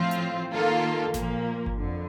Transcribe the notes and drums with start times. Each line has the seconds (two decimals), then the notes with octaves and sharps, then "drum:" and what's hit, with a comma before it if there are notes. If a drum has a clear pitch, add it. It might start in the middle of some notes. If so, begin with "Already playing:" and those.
Already playing: A2 F3 C4 F4
0.11 drum: hi-hat
0.52 D#3 A#3 F4 A4
1.14 A#2 F3 A#3, drum: snare G#1
1.66 drum: kick G1
1.77 F2 D3